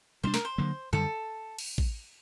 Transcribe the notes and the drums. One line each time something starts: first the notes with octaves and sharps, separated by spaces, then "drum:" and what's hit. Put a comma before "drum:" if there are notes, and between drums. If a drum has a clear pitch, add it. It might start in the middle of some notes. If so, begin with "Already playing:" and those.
C3 G3 A#3 D4 C5
A#4, drum: snare
C5
D3 F#3 A#3
F#2 D3 G3 A4
drum: cymbal
drum: kick